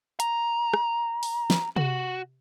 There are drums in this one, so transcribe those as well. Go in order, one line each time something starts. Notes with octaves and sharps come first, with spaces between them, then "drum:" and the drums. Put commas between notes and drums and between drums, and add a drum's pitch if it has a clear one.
A#5, drum: hi-hat
drum: rim click
drum: open hi-hat
drum: snare
F#4, drum: tom C3